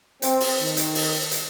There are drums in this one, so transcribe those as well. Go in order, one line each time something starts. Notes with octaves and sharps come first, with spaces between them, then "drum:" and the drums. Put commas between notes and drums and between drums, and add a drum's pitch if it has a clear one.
C4, drum: hi-hat
drum: open hi-hat
D#3
drum: hi-hat
drum: open hi-hat
drum: hi-hat